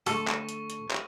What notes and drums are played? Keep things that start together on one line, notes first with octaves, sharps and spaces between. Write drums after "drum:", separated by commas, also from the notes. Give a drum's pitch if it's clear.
D3 G#3 A3 F#4 A4 C#6, drum: open hi-hat
drum: clap
drum: hi-hat
drum: hi-hat
drum: clap